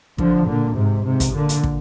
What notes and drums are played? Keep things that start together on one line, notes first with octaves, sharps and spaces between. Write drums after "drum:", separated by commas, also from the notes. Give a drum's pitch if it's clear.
D3 F3, drum: kick
A#2 D3
G#2 C3
G#2 C3
drum: kick, hi-hat
A#2 D3
drum: hi-hat
drum: kick